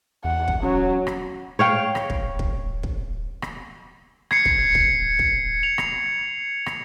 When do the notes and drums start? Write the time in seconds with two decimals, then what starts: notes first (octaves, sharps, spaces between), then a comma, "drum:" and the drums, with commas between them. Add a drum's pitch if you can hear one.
0.25 E2 F#5
0.48 drum: kick
0.63 F#3 C#4
1.07 drum: rim click
1.59 C#5 F5 G5
1.95 drum: rim click
2.10 drum: kick
2.39 drum: kick
2.83 drum: kick
3.42 drum: rim click
4.31 G#6 C7 C#7, drum: rim click
4.45 drum: kick
4.75 drum: kick
5.19 drum: kick
5.63 F7
5.78 drum: rim click
6.66 drum: rim click